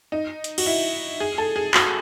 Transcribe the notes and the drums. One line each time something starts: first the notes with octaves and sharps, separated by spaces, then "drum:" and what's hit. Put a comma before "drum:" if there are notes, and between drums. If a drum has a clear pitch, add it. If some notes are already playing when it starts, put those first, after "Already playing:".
D#4
drum: hi-hat
F#4, drum: cymbal
E4
G#4
A4
G#4
F#4, drum: clap